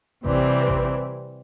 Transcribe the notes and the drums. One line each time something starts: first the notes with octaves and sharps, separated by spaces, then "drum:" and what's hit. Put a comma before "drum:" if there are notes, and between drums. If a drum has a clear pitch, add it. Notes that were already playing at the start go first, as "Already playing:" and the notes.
C3 E3 G3 C4, drum: kick A1
drum: kick A1